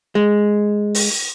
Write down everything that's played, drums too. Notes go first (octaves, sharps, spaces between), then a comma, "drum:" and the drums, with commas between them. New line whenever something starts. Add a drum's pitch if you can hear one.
G#3
drum: open hi-hat